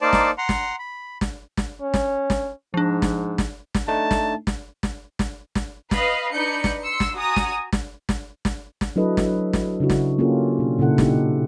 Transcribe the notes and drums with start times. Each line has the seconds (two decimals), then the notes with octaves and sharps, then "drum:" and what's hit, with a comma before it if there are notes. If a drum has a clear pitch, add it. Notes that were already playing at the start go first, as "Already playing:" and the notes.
0.01 A#3 D#4 C5 D5 A5
0.13 drum: snare
0.38 F#5 A#5 C6
0.49 drum: snare
0.79 B5
1.21 drum: snare
1.57 drum: snare
1.81 C#4
1.94 drum: snare
2.30 drum: snare
2.74 G#2 F3 D4
3.02 drum: snare
3.38 drum: snare
3.74 drum: snare
3.88 A3 D4 D#4 A5
4.11 drum: snare
4.47 drum: snare
4.83 drum: snare
5.19 drum: snare
5.55 drum: snare
5.91 B4 D#5 F5, drum: snare
6.33 D4 D#4 B4 G6 C#7
6.64 drum: snare
6.83 C6 E6 C#7
7.00 drum: snare
7.14 F#4 G#5 A#5 D#6
7.36 drum: snare
7.72 drum: snare
8.09 drum: snare
8.45 drum: snare
8.81 drum: snare
8.96 F#3 D4 E4 A4 B4 D#5
9.17 drum: snare
9.53 drum: snare
9.80 C#3 D4 E4 F#4
9.90 drum: snare
10.19 A#3 C#4 D4 F4 G4 A4
10.59 B2 D4
10.79 A#2 C#3 E4 A4 F#5
10.98 D4 D#4 G4, drum: snare